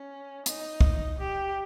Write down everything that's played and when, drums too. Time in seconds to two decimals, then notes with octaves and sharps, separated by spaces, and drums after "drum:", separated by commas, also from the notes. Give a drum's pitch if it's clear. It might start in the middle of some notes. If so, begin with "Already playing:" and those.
Already playing: C#4
0.46 D#4, drum: hi-hat
0.81 drum: kick
1.18 G4